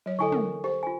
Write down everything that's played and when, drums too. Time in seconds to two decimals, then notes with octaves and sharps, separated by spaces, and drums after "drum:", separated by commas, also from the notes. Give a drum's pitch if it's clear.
0.06 F#3 C#5
0.19 D3 E4 A4 D#5 G#5 C#6
0.32 A#4, drum: tom
0.64 G4 C5
0.83 F4 G#5